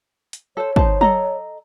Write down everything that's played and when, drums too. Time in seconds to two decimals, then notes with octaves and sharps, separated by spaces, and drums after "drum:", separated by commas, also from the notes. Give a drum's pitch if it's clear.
0.33 drum: hi-hat
0.57 A4 C5 C#5
0.76 D#4 C5 A5, drum: kick
1.01 A4 D#5 A#5, drum: tom F#3